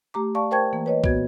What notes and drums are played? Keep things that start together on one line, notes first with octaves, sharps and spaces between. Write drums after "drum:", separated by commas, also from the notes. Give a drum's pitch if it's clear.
A3 G4 A#5 D6
D5 F5 A5 C#6
A#4 C5 G5 A5 C#6 G#6
E3 A#3
B4 C#5 D#5
A#2 B3 F#4 G#6, drum: kick C2